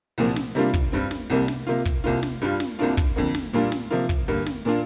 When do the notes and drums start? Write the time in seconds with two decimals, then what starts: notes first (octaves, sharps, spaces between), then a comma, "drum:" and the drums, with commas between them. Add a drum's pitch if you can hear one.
0.18 C2 A#2 F3 A#3
0.36 drum: snare
0.55 C3 G3 A#3 D4 F4
0.74 drum: kick
0.92 G2 G3 C4
1.11 drum: snare
1.30 C2 C3 G3 A#3
1.48 drum: snare
1.67 C3 A#3 F4
1.85 drum: kick, hi-hat
2.04 C2 C3 A#3 F4
2.23 drum: snare
2.41 G2 G3 D4 F4
2.60 drum: snare
2.79 C2 C3 A#3 D4 F4
2.97 drum: kick, hi-hat
3.16 F2 D3 A#3
3.35 drum: snare
3.53 A#2 G3 A#3 D4 F4
3.72 drum: snare
3.90 C3 F3 A#3 F4
4.09 drum: kick
4.28 G2 D3 A#3
4.46 drum: snare
4.65 A#2 A#3 D4 F4